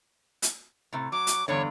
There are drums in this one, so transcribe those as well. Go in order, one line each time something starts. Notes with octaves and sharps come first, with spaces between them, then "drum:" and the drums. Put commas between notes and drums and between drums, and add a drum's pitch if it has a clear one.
drum: hi-hat
A2 C3
F#3 D6
drum: hi-hat
E2 G2 D3 C#5